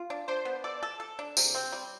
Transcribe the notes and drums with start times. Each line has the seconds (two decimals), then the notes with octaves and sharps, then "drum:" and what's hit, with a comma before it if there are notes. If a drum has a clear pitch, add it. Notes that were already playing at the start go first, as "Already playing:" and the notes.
Already playing: F4
0.10 D4
0.28 D4 C5
0.45 B3
0.64 A4 D5
0.83 A4
1.00 A4
1.19 D4
1.37 C3, drum: tambourine
1.55 C4
1.72 G3